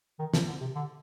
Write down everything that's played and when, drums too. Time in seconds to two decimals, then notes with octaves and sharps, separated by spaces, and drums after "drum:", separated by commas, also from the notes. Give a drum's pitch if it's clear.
0.19 D#3
0.34 F3, drum: snare
0.48 D3
0.61 C3
0.75 D3